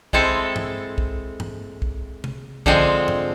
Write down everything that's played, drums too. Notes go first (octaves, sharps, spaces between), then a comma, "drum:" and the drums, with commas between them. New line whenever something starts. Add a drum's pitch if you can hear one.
G#3 C4 E4 A4, drum: kick
drum: tom G2
drum: kick
drum: tom G2
drum: kick
drum: tom
D3 F3 G#3 C4, drum: kick
drum: tom G2